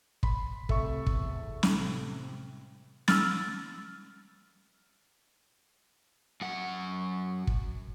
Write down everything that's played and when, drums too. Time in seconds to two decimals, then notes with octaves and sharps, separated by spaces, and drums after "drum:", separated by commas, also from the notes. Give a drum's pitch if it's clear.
0.23 B5 C6, drum: kick
0.69 C2 A2 C3 A4 E5 C#6, drum: kick
1.07 E2, drum: kick
1.63 A2 C3, drum: snare
3.08 E6 F6 A6, drum: snare
6.41 F#2 F#5
7.47 drum: kick